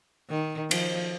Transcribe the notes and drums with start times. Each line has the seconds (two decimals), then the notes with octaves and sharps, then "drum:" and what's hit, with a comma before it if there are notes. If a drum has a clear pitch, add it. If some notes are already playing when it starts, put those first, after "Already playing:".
0.30 D#3
0.71 F3, drum: cymbal